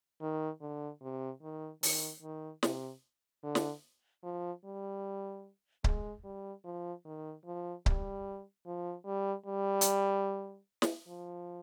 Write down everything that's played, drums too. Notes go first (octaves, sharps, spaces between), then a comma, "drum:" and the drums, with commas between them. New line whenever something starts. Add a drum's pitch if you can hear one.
D#3
D3
C3
D#3
D#3, drum: open hi-hat
D#3
C3, drum: snare
D3
drum: snare
F3
G3
G#3, drum: kick C#1
G3
F3
D#3
F3
G3, drum: kick C#1
F3
G3
G3
drum: hi-hat
drum: snare
F3